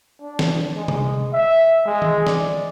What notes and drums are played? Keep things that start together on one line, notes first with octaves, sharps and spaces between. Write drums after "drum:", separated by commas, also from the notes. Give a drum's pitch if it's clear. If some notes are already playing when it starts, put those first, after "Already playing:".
D4
drum: snare
G#3
drum: tom C3
E5
G#3
drum: tom D#3
D5, drum: snare